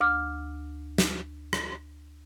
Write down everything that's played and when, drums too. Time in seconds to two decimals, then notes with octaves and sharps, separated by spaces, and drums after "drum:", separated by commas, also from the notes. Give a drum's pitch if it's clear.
0.01 D2 D6 F6
0.98 drum: snare
1.53 drum: rim click